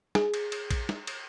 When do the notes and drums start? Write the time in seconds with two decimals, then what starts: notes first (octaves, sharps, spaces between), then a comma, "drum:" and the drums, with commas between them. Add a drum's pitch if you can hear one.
0.15 G#4, drum: snare
0.34 drum: cymbal
0.52 drum: cymbal
0.70 drum: kick, cymbal
0.89 drum: snare
1.07 drum: cymbal